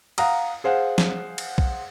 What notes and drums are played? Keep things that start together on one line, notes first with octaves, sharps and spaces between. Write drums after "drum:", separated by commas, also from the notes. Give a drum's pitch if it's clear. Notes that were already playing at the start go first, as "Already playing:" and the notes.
F5 F#5 A#5 D#6, drum: cymbal
G#4 C5 F5 F#5
drum: snare
drum: cymbal
drum: kick B1